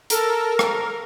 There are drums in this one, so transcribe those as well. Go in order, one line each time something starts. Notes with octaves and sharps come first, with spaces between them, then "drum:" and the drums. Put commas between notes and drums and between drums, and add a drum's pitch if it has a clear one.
A4 A#4, drum: hi-hat
drum: rim click